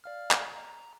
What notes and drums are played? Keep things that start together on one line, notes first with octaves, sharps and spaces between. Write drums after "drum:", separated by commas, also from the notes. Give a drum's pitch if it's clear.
D5 F5 F6
drum: clap
A#5